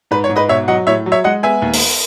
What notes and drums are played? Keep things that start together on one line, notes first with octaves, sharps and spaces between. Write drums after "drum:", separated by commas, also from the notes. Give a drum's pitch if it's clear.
G#2 B4
C#5
G#2
B4 D#5
B2 C#5 E5
F#3 D#5 F#5
A2 C#5 E5
F#3
C#5 E5
G#3 D#5 F#5
B3 E5 G#5
D#2
drum: open hi-hat